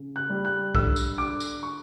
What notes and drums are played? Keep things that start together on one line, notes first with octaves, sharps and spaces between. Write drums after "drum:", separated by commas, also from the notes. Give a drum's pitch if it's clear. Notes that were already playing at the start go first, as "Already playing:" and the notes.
Already playing: C#3
F#6
G3
F#6
D3 E6, drum: kick
drum: tambourine
D4 D6
drum: tambourine
C#6